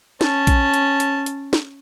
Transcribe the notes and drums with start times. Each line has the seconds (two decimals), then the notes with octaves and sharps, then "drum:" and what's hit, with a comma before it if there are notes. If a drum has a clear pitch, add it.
0.21 C#4 A5, drum: snare
0.47 drum: kick A#1, hi-hat
0.74 drum: hi-hat
1.00 drum: hi-hat
1.26 drum: hi-hat
1.53 drum: snare